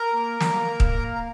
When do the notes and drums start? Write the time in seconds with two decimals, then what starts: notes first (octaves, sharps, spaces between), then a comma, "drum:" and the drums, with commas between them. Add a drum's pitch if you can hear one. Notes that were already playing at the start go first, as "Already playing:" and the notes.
Already playing: A#4 A#5
0.13 A#3
0.40 A#3, drum: snare
0.67 A#3
0.80 drum: kick
0.93 A#3
1.14 A#5